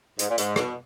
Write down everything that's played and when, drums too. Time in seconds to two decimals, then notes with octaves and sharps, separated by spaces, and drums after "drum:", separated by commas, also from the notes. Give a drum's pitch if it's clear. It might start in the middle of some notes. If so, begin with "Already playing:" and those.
0.19 G#2, drum: hi-hat
0.29 A#2
0.38 G#2, drum: hi-hat
0.56 B2, drum: rim click